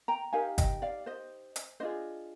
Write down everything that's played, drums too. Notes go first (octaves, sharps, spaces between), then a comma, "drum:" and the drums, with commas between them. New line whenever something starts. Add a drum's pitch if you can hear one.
G5 A#5
D#4 G4 A#4 F5 G#5
D#5 G5, drum: kick, hi-hat
D5 F5
C5 D#5
drum: hi-hat
D4 F4 G#4 C5 D#5